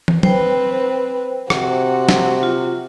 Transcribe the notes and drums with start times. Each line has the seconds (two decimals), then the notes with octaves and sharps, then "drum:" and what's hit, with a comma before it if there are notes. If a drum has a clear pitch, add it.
0.08 drum: tom
0.23 C4 B4 C5 G5, drum: tom F#3
1.50 C3 F#4, drum: rim click
2.09 drum: snare
2.43 F4